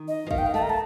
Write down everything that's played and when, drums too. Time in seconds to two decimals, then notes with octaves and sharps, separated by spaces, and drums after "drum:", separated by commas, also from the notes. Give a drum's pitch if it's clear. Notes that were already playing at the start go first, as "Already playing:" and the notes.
Already playing: D#3
0.08 D#5
0.27 F3
0.31 D#3 F5, drum: kick
0.38 G5
0.46 F5
0.54 A3 A5
0.62 A#5
0.70 A5